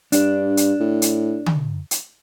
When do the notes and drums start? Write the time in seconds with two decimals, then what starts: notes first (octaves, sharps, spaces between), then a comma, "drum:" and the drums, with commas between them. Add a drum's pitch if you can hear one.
0.12 G2 D4, drum: hi-hat
0.57 drum: hi-hat
0.80 A2
1.02 drum: hi-hat
1.46 drum: tom D3
1.91 drum: hi-hat